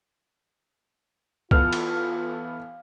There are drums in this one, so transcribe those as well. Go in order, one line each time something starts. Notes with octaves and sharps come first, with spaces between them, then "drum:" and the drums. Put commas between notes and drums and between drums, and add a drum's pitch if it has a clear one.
E3 B3 F4 A4 F5, drum: kick
drum: cymbal